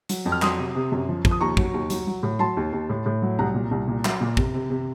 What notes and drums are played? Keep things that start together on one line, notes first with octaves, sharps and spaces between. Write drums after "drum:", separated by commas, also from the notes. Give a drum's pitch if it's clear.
F#3, drum: hi-hat
F2
F6
F#3 C6 D#6, drum: clap
C3
C3
F#2
F3
F3, drum: kick
D#6
D#2 A#5 C#6
F#3, drum: kick
D#2
F#3, drum: hi-hat
F#3
A2
F#3 A5 C6
D#2
D#2
A2
A2
F#3
C2 F#5 A#5
A#2
C2
A#2
F#3, drum: clap
A#2
C3, drum: kick
C3
C3